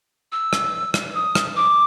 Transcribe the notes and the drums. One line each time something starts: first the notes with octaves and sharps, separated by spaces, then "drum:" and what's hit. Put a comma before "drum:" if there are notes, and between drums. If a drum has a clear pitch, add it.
E6
drum: rim click
drum: rim click
D#6
drum: rim click
D6